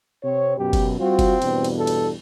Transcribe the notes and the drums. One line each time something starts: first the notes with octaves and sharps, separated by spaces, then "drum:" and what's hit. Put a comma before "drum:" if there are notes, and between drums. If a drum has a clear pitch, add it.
C3 C4 C#5
F#2 B2 G4
drum: kick F#1, cymbal
G3 C4 F4 F#4
drum: kick F#1, cymbal
E2 G2 B2, drum: cymbal
drum: cymbal
A4
drum: cymbal